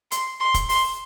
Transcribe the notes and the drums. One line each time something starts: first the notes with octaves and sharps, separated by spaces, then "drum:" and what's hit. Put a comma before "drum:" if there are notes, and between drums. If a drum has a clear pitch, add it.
C6, drum: hi-hat
C6
drum: kick, hi-hat
C6, drum: open hi-hat